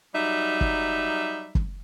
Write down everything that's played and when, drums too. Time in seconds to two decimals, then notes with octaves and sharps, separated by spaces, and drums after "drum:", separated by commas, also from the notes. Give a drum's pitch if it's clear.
0.14 F#3 G3 D#4 E5
0.61 drum: kick
1.55 drum: kick